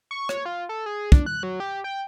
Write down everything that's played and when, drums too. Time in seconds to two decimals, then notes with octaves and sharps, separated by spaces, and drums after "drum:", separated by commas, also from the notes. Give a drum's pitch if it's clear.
0.11 C#6
0.29 C#5, drum: rim click
0.46 F4
0.69 A4
0.86 G#4
1.12 D4, drum: kick
1.26 F#6
1.43 F#3
1.60 G4
1.84 G5